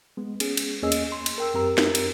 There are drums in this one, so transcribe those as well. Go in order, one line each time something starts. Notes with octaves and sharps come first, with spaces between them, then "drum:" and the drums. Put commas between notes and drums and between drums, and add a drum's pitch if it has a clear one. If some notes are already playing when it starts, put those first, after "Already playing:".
G#3 B3
B3 C#4 G#4, drum: cymbal
drum: cymbal
E2 A#3 C#4 G#4 D#5 E6
drum: cymbal
C6
drum: cymbal
A#4 G5 E6
F#2 C4 G4 A#4 A#5 E6
drum: snare
drum: cymbal